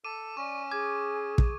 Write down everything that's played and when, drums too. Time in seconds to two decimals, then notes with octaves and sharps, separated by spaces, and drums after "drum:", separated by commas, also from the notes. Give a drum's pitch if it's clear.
0.04 A4 D6 D#7
0.37 C#4 D5 C#6
0.71 G#4 D6 G#6
1.38 drum: kick